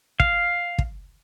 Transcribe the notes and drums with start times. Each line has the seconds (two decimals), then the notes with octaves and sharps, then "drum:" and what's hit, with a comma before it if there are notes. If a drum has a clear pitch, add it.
0.20 F5, drum: kick
0.78 drum: kick